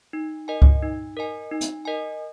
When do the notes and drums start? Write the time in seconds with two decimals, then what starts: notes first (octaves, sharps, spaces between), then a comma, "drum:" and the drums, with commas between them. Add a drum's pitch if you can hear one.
0.13 D#4
0.48 A#4 D#5 G#5
0.62 drum: kick C#2
0.83 D#4
1.17 A#4 D#5 G#5
1.51 D#4
1.61 drum: hi-hat
1.85 A#4 D#5 G#5